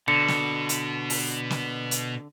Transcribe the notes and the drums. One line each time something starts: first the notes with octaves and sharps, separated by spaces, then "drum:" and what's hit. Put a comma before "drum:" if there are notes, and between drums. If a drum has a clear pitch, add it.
B2 D3 C#7
drum: snare
drum: hi-hat
drum: open hi-hat
drum: snare
drum: hi-hat